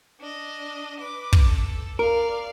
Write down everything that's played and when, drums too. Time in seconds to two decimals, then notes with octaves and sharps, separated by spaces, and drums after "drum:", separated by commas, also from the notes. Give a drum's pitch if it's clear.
0.20 D4 D#5
1.00 B4 D6
1.33 drum: kick
1.48 A4
1.99 A#4 D5 F5